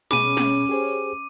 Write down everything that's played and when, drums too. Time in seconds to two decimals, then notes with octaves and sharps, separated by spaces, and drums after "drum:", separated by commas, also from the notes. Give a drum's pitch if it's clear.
0.11 B2 C#4 G#4 B5 D6 D#7, drum: snare
0.37 drum: snare
0.69 G4 G#4 C5